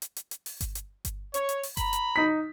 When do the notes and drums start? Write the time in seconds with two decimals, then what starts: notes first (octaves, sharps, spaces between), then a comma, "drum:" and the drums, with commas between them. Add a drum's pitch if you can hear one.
0.02 drum: hi-hat
0.16 drum: hi-hat
0.31 drum: hi-hat
0.46 drum: open hi-hat
0.61 drum: kick G1, hi-hat
0.75 drum: hi-hat
1.05 drum: kick G1, hi-hat
1.34 C#5, drum: hi-hat
1.49 drum: hi-hat
1.63 drum: open hi-hat
1.77 A#5 B5, drum: kick G1, hi-hat
1.93 drum: hi-hat
2.16 D#4 B6